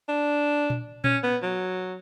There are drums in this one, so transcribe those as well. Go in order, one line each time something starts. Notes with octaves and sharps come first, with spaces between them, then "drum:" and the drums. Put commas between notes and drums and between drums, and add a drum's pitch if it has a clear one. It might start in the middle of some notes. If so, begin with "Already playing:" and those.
D4
drum: tom A#2
C#4, drum: tom A#2
B3
F#3